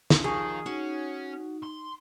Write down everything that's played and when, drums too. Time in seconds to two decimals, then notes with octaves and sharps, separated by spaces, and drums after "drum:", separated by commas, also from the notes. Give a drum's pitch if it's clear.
0.10 drum: snare
0.24 D#3 F3 G#4 F5 C#6
0.66 C#4 D#4 F#4
1.63 C6